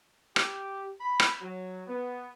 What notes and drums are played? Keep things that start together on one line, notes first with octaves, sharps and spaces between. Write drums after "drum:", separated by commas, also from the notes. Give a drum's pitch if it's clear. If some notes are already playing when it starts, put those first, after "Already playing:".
G4, drum: rim click
B5
drum: rim click
F#3
B3